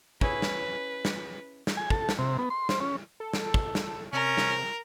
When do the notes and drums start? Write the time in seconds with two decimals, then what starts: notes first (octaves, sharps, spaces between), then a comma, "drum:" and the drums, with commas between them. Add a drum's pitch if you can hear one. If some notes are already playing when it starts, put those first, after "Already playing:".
0.21 C#4 E4 G#4 B4, drum: kick
0.42 drum: snare
1.05 drum: snare
1.67 drum: snare
1.77 G#5
1.90 A4, drum: kick
2.09 drum: snare
2.19 C3
2.39 B3
2.50 C6
2.69 C5, drum: snare
2.80 C#4
3.20 A4
3.33 drum: snare
3.54 drum: kick
3.75 drum: snare
4.13 C3 C#4 A#4
4.37 drum: snare